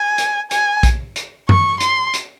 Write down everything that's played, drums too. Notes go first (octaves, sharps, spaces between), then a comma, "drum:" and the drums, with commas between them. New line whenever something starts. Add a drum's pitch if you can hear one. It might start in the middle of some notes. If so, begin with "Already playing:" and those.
Already playing: G#5
drum: hi-hat
G#5, drum: hi-hat
drum: kick A#1, hi-hat
drum: hi-hat
C#6, drum: tom F#2
C6, drum: hi-hat
drum: hi-hat